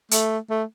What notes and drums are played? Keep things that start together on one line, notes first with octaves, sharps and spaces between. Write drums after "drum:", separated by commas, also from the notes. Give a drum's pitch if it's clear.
A3, drum: hi-hat
A3